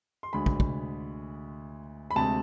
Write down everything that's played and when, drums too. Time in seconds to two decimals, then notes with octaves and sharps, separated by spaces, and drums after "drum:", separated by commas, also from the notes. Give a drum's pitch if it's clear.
0.23 C6
0.33 D2 D3 G#3 B5
0.46 drum: kick
0.60 drum: kick
2.11 B5
2.15 D2 C3 G#3 A5